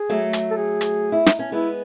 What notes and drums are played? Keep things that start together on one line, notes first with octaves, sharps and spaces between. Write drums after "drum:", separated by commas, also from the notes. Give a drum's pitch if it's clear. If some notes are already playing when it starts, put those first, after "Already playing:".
Already playing: G#4
F#3 A3
drum: hi-hat
A4
G#4
drum: hi-hat
E4
D#4, drum: snare
C#4
G#3 B3 E4